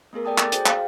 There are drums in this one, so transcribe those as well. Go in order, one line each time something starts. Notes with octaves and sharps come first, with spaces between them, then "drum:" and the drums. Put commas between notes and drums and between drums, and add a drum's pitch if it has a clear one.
A3 B3 G#4 A#4
A4 D5 G5 A5 D#6
D6 A6, drum: clap
F#4 G#4 C5 G5, drum: hi-hat
F5, drum: clap